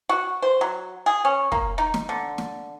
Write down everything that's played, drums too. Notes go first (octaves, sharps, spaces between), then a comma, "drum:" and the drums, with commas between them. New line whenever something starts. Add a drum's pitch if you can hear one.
F#4
C5
F#3
G#4
C#4
A#3, drum: kick
D#4
drum: snare
D3
drum: snare